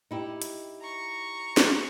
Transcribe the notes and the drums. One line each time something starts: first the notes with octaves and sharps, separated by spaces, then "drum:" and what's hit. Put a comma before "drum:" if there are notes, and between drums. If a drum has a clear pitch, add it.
D#4 E4 G4
drum: hi-hat
A#5 C#6
drum: snare